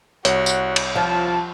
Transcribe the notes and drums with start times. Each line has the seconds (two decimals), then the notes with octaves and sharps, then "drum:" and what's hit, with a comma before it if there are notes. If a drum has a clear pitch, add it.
0.25 C2 F#4 C#5 F#5, drum: hi-hat
0.46 drum: tambourine
0.76 drum: cymbal
0.96 F3 A5